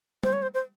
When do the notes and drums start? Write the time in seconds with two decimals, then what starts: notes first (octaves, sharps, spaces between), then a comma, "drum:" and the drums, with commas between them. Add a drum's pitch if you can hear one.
0.23 C5, drum: tom G3
0.33 C#5
0.42 C5
0.54 C5